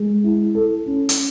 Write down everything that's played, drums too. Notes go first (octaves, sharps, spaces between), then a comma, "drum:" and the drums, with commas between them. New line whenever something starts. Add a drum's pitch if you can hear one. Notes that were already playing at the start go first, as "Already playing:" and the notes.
Already playing: G#3
E4
A4
C#4
drum: hi-hat